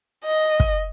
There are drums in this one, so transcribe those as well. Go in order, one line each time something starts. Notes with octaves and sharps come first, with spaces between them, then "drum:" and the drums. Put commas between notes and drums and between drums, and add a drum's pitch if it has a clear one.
D#5
drum: kick